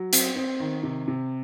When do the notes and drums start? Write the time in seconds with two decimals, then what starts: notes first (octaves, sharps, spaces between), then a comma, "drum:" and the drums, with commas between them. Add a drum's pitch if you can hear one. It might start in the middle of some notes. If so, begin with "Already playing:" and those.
Already playing: F#3
0.13 C4, drum: hi-hat
0.36 C4
0.60 D#3
0.83 C3
1.08 C3